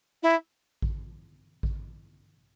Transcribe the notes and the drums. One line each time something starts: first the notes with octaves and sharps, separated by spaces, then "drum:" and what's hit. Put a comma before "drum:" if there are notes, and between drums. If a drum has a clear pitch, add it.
E4
drum: kick A1
drum: kick A1